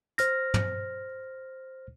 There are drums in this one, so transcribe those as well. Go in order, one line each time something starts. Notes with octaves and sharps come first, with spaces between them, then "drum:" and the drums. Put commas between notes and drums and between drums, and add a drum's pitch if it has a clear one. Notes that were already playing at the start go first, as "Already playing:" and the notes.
C5 F6 A#6, drum: hi-hat
drum: tom